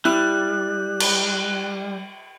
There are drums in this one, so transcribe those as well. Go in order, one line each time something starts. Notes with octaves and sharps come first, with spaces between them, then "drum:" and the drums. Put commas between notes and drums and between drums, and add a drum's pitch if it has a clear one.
G3 E4 F#6
drum: cymbal